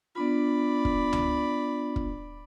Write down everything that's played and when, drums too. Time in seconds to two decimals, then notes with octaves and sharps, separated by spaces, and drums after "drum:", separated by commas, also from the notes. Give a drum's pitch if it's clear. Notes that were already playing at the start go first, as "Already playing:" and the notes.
0.15 B3 D4 F4 D5 B5
0.85 drum: kick
1.13 drum: tom C#2
1.96 drum: kick